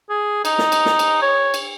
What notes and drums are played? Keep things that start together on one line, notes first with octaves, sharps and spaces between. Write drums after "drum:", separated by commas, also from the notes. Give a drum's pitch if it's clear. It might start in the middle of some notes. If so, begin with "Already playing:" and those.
G#4
D#4, drum: cymbal
drum: snare
drum: cymbal
drum: snare
drum: cymbal
C#5
drum: cymbal